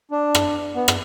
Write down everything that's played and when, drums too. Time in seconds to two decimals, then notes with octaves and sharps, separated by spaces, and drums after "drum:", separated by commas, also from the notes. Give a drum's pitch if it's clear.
0.11 D4
0.35 drum: rim click
0.75 B3
0.88 drum: rim click